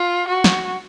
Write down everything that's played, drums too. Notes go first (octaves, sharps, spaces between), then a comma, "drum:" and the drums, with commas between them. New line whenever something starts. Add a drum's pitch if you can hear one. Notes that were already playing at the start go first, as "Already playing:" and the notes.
Already playing: F4
F#4
drum: snare